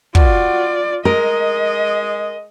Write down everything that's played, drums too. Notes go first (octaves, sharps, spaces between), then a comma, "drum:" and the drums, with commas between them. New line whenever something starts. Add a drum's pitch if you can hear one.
F4 F#4 D5, drum: kick
G#3 A#4 D#5